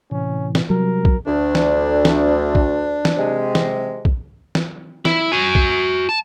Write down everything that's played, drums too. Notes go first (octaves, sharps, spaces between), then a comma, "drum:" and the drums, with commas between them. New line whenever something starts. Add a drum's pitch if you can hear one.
A2 C3 E3 C#4
drum: snare
C3 F#3 G3 A#4
drum: kick
D2 D4
drum: snare
drum: snare
drum: kick
drum: snare
C3 G#3
drum: snare
drum: kick
drum: snare
E4, drum: snare
F#4 G#5
drum: kick
A5